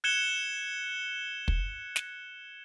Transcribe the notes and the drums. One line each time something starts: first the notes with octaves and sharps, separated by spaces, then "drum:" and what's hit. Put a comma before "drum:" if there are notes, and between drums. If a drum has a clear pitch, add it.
F#6 G#6 C#7 E7 G7
drum: kick
drum: snare